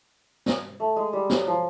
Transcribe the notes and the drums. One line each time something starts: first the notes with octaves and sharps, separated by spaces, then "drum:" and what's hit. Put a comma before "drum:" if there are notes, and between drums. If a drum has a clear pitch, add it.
drum: snare
A3
G#3
G3
F#3, drum: snare
F3